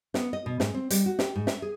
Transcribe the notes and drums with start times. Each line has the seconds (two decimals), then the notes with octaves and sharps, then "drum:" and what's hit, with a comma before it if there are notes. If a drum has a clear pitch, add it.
0.14 B3, drum: snare
0.33 D#5
0.46 B2
0.60 G#2, drum: snare
0.74 C4
0.90 G3, drum: hi-hat
1.06 F#4
1.19 G4, drum: snare
1.36 G#2
1.47 E5, drum: snare
1.62 G#4